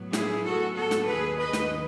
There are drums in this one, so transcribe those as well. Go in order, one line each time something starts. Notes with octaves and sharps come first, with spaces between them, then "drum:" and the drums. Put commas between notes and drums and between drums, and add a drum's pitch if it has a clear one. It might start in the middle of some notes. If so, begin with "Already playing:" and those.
Already playing: A2 F#3 B3
E4 G#4, drum: snare
F#4 A4
F#4 A4
drum: snare
D#2 D#3 F#3 G#4 B4
B4 D#5
drum: snare